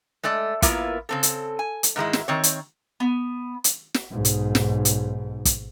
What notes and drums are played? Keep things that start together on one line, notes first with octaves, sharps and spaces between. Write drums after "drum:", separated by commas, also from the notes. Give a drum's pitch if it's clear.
G#3 A3 A4 D5
A#3 B3 E4 F4 A#4, drum: kick, hi-hat
C#3 C4 A4
drum: hi-hat
G#5
drum: hi-hat
G#2 D#3 G#3 E4
drum: snare
D#3 C4 C#5
drum: hi-hat
B3
drum: hi-hat
drum: snare
B1 G#2
drum: hi-hat
drum: snare
drum: hi-hat
drum: kick, hi-hat